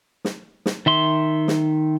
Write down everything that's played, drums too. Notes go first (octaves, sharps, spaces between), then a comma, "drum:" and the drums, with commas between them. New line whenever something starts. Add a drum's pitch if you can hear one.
drum: snare
drum: snare
D#3 E5 C6
drum: snare